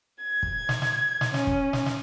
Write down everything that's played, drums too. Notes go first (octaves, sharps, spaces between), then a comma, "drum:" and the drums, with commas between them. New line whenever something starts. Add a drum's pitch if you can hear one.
G#6
drum: kick
drum: snare
drum: snare
drum: snare
C#4, drum: snare
drum: kick
drum: snare
drum: snare